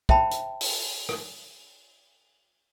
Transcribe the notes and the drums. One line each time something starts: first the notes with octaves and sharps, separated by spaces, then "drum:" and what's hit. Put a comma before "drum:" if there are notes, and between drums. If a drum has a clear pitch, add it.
C5 E5 G5 A5 B5, drum: kick
drum: hi-hat
drum: open hi-hat
drum: rim click